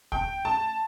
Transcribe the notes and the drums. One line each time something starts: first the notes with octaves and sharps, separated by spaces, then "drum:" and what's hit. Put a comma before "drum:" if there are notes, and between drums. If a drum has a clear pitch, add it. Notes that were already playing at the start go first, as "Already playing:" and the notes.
G5, drum: kick
A5